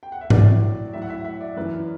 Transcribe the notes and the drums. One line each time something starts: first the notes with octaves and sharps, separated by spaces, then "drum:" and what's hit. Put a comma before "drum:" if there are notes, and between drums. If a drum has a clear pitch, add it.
G5
F#5
E5
A2 F#3 D5, drum: tom G#2
A2 F#3 E5
F#5
E5
E5
D5
F#2 E3 B4